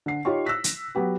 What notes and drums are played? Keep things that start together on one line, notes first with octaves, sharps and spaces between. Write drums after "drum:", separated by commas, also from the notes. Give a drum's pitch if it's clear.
D3 C7
D#4 F4 G4 C#5 C#6
E6 F#6 A#6 B6
drum: hi-hat
F#3 B3 G4 B4